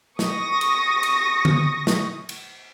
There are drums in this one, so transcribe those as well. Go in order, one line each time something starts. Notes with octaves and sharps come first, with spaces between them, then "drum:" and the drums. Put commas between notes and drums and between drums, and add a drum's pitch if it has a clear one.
C#6 D#6 A#6, drum: snare
drum: cymbal
drum: cymbal
drum: tom D3
drum: snare
drum: cymbal